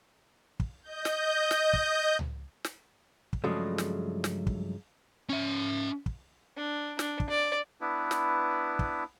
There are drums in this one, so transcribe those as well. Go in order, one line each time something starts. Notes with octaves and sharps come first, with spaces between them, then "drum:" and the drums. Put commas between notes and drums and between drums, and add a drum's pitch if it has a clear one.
drum: kick
D#5 G6
drum: snare
drum: snare
drum: kick
drum: tom C#2
drum: snare
drum: kick
G2 C#3 F3 F#3 G#3 A3
drum: snare
drum: snare
drum: kick
C#4 E5
drum: kick
D4
D4, drum: snare
drum: kick
D5
B3 D4 E4 B4
drum: snare
drum: kick